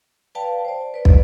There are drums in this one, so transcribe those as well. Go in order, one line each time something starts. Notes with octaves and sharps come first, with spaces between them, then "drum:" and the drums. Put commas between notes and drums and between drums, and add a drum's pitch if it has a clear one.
B4 D5 F5 G5 A5
C5 D5
B4 D5
drum: kick